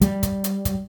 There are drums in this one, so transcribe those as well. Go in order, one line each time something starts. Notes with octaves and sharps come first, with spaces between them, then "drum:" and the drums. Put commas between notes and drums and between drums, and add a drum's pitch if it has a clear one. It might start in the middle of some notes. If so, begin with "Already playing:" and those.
G3, drum: hi-hat
drum: kick, hi-hat
drum: hi-hat
drum: kick, hi-hat